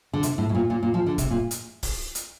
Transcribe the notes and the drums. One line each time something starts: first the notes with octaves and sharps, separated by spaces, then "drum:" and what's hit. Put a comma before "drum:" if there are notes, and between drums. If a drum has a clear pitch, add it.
D3
C3, drum: hi-hat
A2
A2
A#2
A#2
A#2
F3
D3
C3, drum: kick, hi-hat
A#2
drum: hi-hat
drum: kick, open hi-hat
drum: hi-hat